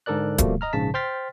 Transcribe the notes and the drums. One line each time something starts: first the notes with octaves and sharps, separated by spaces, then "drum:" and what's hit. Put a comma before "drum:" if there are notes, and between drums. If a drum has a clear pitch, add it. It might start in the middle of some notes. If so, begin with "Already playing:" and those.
G#2 D3 A4 A#4 D5 F#6
B2 F3 G3 A3 A#3, drum: kick D1, hi-hat
D#5 A#5 F6
A#1 G#2 C#3 A5 B6
C5 G5 C6 F6 A6 B6